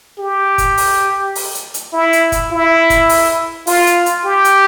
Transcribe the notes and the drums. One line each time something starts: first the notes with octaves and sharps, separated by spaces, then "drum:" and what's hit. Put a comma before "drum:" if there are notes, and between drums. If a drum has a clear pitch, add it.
G4
drum: kick, hi-hat
drum: open hi-hat
drum: open hi-hat
drum: hi-hat
drum: hi-hat
E4
drum: hi-hat
drum: kick, hi-hat
E4
drum: kick, hi-hat
drum: open hi-hat
F4, drum: open hi-hat
drum: hi-hat
drum: hi-hat
G4
drum: hi-hat